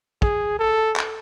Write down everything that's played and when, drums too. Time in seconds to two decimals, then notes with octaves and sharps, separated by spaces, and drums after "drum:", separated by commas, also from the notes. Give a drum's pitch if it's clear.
0.22 G#4, drum: kick
0.59 A4
0.96 drum: clap